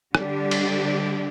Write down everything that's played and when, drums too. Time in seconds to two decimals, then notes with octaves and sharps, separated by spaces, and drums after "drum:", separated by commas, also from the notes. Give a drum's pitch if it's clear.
0.15 D3 G3 D4 G4, drum: rim click
0.51 drum: cymbal